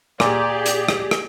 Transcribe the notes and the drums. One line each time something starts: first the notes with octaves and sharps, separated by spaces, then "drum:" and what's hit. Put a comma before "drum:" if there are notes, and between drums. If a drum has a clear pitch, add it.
A#2 G4 G#4 D5, drum: rim click
drum: hi-hat
drum: rim click
drum: rim click